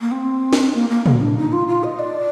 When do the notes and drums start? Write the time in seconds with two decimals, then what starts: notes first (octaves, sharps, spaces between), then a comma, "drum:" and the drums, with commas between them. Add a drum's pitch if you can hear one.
0.01 A#3
0.11 C4
0.53 drum: snare
0.74 A#3
0.90 A#3
1.06 A#3, drum: tom
1.21 D4
1.37 D#4
1.52 F4
1.68 F4
1.84 D#5
1.99 D5